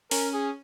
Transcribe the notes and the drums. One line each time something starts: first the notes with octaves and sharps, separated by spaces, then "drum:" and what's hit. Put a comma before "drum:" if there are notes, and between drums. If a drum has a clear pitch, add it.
C#4 A#4, drum: open hi-hat
G#4